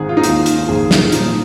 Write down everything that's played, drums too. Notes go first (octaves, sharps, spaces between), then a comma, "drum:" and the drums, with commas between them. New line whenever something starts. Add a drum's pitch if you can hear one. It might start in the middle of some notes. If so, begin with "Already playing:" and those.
Already playing: G#1 G#2 D#3 G#4
F4
D#4
D#2 D#3 F4, drum: hi-hat
drum: hi-hat
A#1 G#2 D#3 G#4
F4, drum: snare
A#1 A#2 F3 D#4, drum: hi-hat